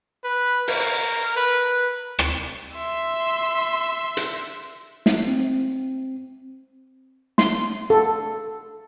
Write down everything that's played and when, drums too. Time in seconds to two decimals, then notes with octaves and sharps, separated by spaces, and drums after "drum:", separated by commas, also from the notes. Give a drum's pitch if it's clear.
0.24 B4
0.68 A#4, drum: open hi-hat
1.36 B4
2.19 drum: rim click
2.75 E5 C6
4.17 drum: hi-hat
5.06 drum: snare
5.27 C4
7.38 C6, drum: snare
7.90 A4